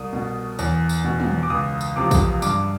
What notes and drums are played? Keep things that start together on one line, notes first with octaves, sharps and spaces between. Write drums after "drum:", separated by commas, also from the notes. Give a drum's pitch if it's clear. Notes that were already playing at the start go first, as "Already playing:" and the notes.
Already playing: C2 D#6
B2
E2, drum: tambourine
drum: tambourine
B2
drum: tom
D6
C#2 D#6
drum: tambourine
C3 F3 D6
drum: kick, tambourine
G2 D6, drum: tambourine